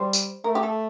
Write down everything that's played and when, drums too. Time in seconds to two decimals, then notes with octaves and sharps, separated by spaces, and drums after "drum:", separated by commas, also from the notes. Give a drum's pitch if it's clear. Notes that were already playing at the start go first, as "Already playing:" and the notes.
Already playing: G3 C5
0.13 drum: tambourine
0.44 A3 A#4
0.55 G4
0.63 A4